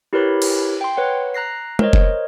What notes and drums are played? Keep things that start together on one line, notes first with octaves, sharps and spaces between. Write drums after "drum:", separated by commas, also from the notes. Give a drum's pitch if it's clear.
E4 G4 A#4 B4 C#5 B5
drum: cymbal
G5 C6
B4 C#5 F#5
A#5 F#6 A#6 C7
A#4 C5 C#5 D#5, drum: tom
drum: kick F1